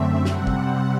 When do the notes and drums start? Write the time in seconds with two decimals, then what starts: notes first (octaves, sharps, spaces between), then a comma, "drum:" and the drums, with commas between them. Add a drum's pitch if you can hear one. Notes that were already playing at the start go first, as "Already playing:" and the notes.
Already playing: F#2 D3 A3 C4 E5
0.25 C3 G3 C4 F#5, drum: snare
0.47 drum: kick